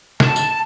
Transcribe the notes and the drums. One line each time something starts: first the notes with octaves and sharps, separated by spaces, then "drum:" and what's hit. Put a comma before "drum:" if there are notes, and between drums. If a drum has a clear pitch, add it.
A5, drum: snare
drum: tambourine